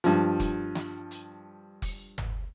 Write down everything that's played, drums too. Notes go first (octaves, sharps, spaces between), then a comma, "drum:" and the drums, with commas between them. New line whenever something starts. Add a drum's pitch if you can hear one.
G2 F3, drum: hi-hat
drum: kick F1, hi-hat
drum: snare
drum: hi-hat
drum: kick F1, open hi-hat
drum: tom G1